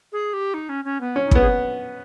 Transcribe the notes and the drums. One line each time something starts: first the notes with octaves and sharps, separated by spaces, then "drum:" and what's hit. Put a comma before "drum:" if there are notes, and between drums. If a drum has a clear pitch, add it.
G#4
G4
D#4
C#4
C#4
B3
C#4
D#4
B3 E4, drum: kick
G#4